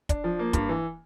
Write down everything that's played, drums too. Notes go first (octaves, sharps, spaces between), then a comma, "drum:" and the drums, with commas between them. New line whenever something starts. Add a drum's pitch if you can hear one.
D4, drum: kick, hi-hat
F3
A#3
G2, drum: kick, hi-hat
E3